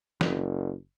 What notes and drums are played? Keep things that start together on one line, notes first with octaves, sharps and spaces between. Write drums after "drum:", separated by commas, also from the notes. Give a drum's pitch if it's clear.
F#1, drum: snare